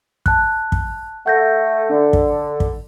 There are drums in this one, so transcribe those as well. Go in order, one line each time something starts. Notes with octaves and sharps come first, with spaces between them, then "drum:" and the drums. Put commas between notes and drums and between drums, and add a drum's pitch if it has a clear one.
A5 F#6, drum: kick
drum: kick
A3 F#5 G6 A#6
D3 D4
drum: kick
drum: kick